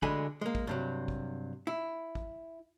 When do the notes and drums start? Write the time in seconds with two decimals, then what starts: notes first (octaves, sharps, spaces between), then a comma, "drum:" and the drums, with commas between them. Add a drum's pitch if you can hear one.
0.02 D2 D3 G#3 G#5 B5, drum: kick
0.41 G#3 A#3
0.55 drum: kick
0.67 G2 C3 F#3
1.08 drum: kick
1.67 E4
2.15 drum: kick